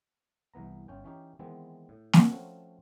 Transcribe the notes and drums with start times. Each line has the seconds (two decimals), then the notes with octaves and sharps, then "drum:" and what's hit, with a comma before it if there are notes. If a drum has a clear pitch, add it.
0.54 C2 E3 B3 A#5
0.88 G1 C#4 G5
1.04 E3 C#4 D#4 G4
1.39 D#3 E3 G#3 B3 C4
1.89 A2
2.13 drum: snare
2.30 F3 A3 C4 C#4 F#4